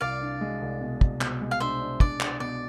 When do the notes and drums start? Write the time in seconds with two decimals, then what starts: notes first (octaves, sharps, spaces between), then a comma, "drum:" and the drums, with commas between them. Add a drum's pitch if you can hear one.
0.01 C2 D5 F5
0.21 D4
0.41 G#3
0.61 C2
0.81 B2
1.01 C2, drum: kick
1.21 B2, drum: clap
1.41 G#3
1.51 F5
1.60 D4 C5 E5
1.81 D4
2.00 D4 D5, drum: kick
2.20 D4, drum: clap
2.40 B2 D5